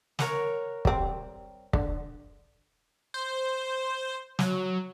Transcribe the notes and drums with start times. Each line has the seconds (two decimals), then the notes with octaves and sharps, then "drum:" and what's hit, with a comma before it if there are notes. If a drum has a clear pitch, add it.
0.19 A#4 C#5 F#5, drum: snare
0.85 G3 C4, drum: kick
1.73 D3, drum: kick
3.14 C5
4.39 F#3, drum: snare